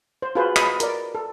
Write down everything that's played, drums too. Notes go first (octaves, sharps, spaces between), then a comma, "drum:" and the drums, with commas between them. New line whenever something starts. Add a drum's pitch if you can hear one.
C5
F4 F#4 G#4 B4 C5
D#5 B5 D#6, drum: clap
A#4 D5, drum: hi-hat
A4